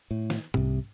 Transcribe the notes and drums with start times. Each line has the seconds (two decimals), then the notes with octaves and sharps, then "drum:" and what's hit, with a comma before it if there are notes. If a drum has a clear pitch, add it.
0.11 A2
0.30 drum: snare
0.54 C2 C3, drum: tom G#2